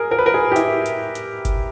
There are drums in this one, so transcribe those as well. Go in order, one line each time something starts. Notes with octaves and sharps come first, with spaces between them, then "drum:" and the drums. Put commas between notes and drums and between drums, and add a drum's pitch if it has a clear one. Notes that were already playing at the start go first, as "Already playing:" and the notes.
Already playing: G#4 A#4
A#4
B4
A#4
G#4
G4
E4, drum: hi-hat
drum: hi-hat
drum: hi-hat
drum: kick G1, hi-hat